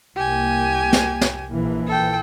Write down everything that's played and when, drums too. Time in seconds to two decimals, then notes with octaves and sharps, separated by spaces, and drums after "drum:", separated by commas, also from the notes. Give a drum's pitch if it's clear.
0.16 C2 A#3 G4 G#5
0.93 drum: snare
1.21 drum: snare
1.50 A#1 E3 A#3
1.87 A4 G5